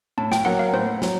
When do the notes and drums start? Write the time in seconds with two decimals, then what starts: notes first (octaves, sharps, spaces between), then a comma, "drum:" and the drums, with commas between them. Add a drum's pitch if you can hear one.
0.18 A2 A5
0.32 G5, drum: snare
0.45 F#3 A#3 F#5
0.59 F5
0.73 A2 C5
1.02 F#3, drum: snare